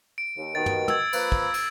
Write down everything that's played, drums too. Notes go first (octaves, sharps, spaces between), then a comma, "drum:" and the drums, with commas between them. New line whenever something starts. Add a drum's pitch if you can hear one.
D7
D#2
D#2 B2 D#3 A6
drum: tom
E6 G#6, drum: tom
F3 A#3 B4, drum: cymbal
drum: kick
drum: cymbal